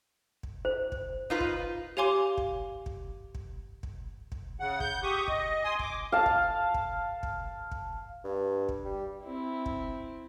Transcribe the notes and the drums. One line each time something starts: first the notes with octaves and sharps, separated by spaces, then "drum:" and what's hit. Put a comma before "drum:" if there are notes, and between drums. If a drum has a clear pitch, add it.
drum: kick
C5
drum: kick
D#4 F4 B4
drum: kick
G4 C#5 F5 G#5 C6 D6
drum: kick
drum: kick
drum: kick
drum: kick
drum: kick
C#3 F#5
G6, drum: kick
G4 C#6 D#6
D#5, drum: kick
G#5 C6 D#6
D6, drum: kick
F5 A5
drum: kick
drum: kick
drum: kick
drum: kick
G2
drum: kick
G3
C4 E4
drum: kick